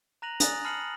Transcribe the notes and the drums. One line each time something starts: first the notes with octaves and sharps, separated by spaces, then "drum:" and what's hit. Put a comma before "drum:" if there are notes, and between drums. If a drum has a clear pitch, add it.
A#5 F#6 A#6 D#7 F7 F#7
G#5 D#6 F#6 A6 A#6, drum: hi-hat
A5 B5 F6 C7 C#7 F#7